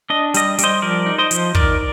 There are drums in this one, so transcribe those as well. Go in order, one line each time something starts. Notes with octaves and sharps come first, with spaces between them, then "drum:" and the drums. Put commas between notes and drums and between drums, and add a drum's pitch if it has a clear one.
D4 D#5
G3 D#5, drum: hi-hat
G3, drum: hi-hat
C5 D#5
F3 A#4 D5
D#4
C5 D#5
F3, drum: hi-hat
D#3 A#4 D5, drum: kick